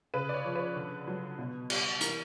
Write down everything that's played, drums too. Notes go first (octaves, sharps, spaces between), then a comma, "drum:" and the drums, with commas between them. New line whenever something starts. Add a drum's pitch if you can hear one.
C#3 B4
D5
C#5
F3
B4
D3
F#3
B2
G3, drum: cymbal
E3 A#4, drum: hi-hat